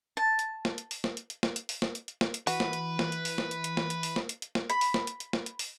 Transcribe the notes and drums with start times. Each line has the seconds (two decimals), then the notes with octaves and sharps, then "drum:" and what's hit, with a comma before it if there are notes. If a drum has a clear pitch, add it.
0.17 A5
0.39 drum: hi-hat
0.65 drum: snare
0.78 drum: hi-hat
0.91 drum: open hi-hat
1.04 drum: snare
1.17 drum: hi-hat
1.30 drum: hi-hat
1.43 drum: snare
1.56 drum: hi-hat
1.69 drum: open hi-hat
1.82 drum: snare
1.95 drum: hi-hat
2.08 drum: hi-hat
2.21 drum: snare
2.34 drum: hi-hat
2.47 E3 F#4 B4, drum: open hi-hat
2.60 drum: snare
2.73 drum: hi-hat
2.99 drum: snare
3.12 drum: hi-hat
3.25 drum: open hi-hat
3.38 drum: snare
3.51 drum: hi-hat
3.64 drum: hi-hat
3.77 drum: snare
3.90 drum: hi-hat
4.03 drum: open hi-hat
4.16 drum: snare
4.29 drum: hi-hat
4.42 drum: hi-hat
4.55 drum: snare
4.70 B5, drum: hi-hat
4.81 drum: open hi-hat
4.94 drum: snare
5.07 drum: hi-hat
5.20 drum: hi-hat
5.33 drum: snare
5.46 drum: hi-hat
5.59 drum: open hi-hat